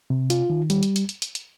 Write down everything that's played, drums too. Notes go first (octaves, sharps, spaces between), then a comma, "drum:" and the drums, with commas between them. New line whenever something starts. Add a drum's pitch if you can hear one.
C3
F4, drum: hi-hat
D#3
G3, drum: hi-hat
drum: hi-hat
drum: hi-hat
drum: hi-hat
drum: hi-hat
drum: hi-hat